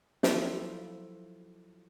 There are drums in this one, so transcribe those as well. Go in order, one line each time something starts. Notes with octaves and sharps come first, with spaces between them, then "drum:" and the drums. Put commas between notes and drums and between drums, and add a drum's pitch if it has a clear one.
F3 F#3 E4 F4 A4, drum: snare